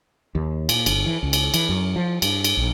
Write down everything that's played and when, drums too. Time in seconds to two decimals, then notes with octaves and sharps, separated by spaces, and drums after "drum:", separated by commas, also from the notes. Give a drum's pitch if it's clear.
0.35 D#2
0.69 A#2, drum: cymbal
0.86 G1, drum: cymbal
1.06 E3
1.23 C#2
1.33 drum: cymbal
1.54 E3, drum: cymbal
1.69 F#2
1.96 F3
2.22 G2, drum: cymbal
2.44 drum: cymbal
2.57 A#1